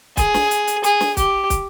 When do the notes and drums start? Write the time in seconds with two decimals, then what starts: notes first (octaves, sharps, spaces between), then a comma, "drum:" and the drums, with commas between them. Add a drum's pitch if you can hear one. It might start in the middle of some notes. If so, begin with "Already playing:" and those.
0.17 G#4, drum: kick, hi-hat
0.34 drum: snare
0.51 drum: hi-hat
0.67 drum: hi-hat
0.84 G#4, drum: hi-hat
1.01 drum: snare
1.17 G4, drum: kick, hi-hat
1.50 drum: kick, hi-hat